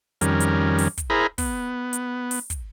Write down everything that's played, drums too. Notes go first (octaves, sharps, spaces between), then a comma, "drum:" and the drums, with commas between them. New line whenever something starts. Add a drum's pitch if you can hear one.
F2 D#3 G3 C#4 A#4, drum: hi-hat
drum: hi-hat
drum: open hi-hat
drum: kick, hi-hat
E4 G#4 A#4 C5 A#5 B5
B3, drum: kick, open hi-hat
drum: hi-hat
drum: open hi-hat
drum: kick, hi-hat